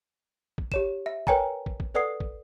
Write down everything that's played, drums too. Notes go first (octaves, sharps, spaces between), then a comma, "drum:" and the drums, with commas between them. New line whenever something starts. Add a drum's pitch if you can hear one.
drum: kick
G4 C#5 E7, drum: kick
E5
A#4 B4 C#5 G5 G#5 A#5, drum: kick
drum: kick
drum: kick
A4 B4 D5 F#5 D#6 C7
drum: kick